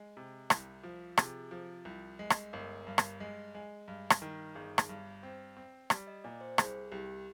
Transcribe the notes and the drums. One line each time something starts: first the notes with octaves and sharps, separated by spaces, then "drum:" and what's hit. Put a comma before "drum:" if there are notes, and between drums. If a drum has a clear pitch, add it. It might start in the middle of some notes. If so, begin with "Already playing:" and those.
Already playing: G#3
C3
C2, drum: rim click
F3
C3 G#4, drum: rim click
F3
C2
G#3
drum: rim click
G1 A#4
G2
drum: rim click
G#3
G#3
G2
drum: rim click
D#3
G1 G#4
drum: rim click
G2
C4 C5
C4
G3 D5, drum: rim click
D#5
A#2 D5
C5
C2 G#4, drum: rim click
C2 G4